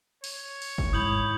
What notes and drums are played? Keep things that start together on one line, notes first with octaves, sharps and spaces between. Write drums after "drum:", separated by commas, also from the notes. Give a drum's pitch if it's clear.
C#5, drum: open hi-hat
drum: open hi-hat
drum: kick G1
G#2 E4 D#6 G6 F#7